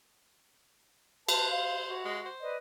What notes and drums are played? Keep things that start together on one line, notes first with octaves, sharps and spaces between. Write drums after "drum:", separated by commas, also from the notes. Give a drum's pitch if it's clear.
B4 C5 A5, drum: cymbal
F5
F#4
G#3
C5
B4 D5 D#5